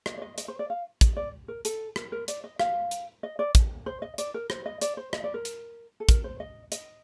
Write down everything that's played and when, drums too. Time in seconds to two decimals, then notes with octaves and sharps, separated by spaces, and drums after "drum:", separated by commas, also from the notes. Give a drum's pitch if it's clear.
0.06 D#5, drum: rim click
0.18 D5
0.22 D#5
0.38 D#5, drum: hi-hat
0.48 C5
0.59 D5
0.70 F5
1.01 D#5, drum: kick, hi-hat
1.17 D5
1.48 A#4
1.65 A4, drum: hi-hat
1.96 A#4, drum: rim click
2.12 A#4
2.28 D5, drum: hi-hat
2.44 D#5
2.59 F5, drum: rim click
2.91 drum: hi-hat
3.23 D#5
3.39 D5
3.55 drum: kick, hi-hat
3.86 C5
4.02 D#5
4.18 D5, drum: hi-hat
4.34 A#4
4.50 C5, drum: rim click
4.66 D#5
4.81 D5, drum: hi-hat
4.97 C5
5.13 D#5, drum: rim click
5.24 D5
5.34 A#4
5.45 drum: hi-hat
6.00 A4
6.09 A#4, drum: kick, hi-hat
6.24 C5
6.40 D#5
6.72 D#5, drum: hi-hat